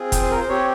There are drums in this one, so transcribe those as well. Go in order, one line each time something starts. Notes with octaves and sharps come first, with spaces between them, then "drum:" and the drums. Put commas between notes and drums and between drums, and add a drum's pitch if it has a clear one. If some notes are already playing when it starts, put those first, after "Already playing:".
Already playing: C4 F4 G#4
G5, drum: kick, hi-hat
C5
A#4
C5
C4 G4 C#5